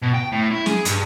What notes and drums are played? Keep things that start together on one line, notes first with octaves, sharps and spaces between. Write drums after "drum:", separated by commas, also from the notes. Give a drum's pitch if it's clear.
B2
G5
A2
E4
G#4, drum: snare
G2, drum: hi-hat